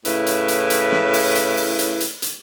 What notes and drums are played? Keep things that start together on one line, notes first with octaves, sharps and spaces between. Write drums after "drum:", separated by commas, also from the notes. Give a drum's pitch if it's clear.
A2 C#3 E4 B4, drum: hi-hat
drum: hi-hat
drum: hi-hat
drum: hi-hat
drum: snare
drum: open hi-hat
drum: hi-hat
drum: open hi-hat
drum: hi-hat
drum: hi-hat
drum: hi-hat